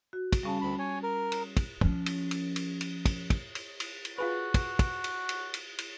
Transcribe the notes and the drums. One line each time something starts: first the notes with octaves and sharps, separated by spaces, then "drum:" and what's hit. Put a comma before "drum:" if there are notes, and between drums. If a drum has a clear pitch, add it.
F#4
drum: kick, cymbal
C#3 G3 C#4 A5
D2 B5
C#5 G#5
A#4
drum: cymbal
drum: kick, cymbal
F3 C#4, drum: kick
drum: cymbal
drum: cymbal
drum: cymbal
drum: cymbal
drum: kick, cymbal
drum: kick, cymbal
drum: cymbal
drum: cymbal
drum: cymbal
F4 F#4 G#4 B4
drum: kick, cymbal
drum: kick, cymbal
drum: cymbal
drum: cymbal
drum: cymbal
drum: cymbal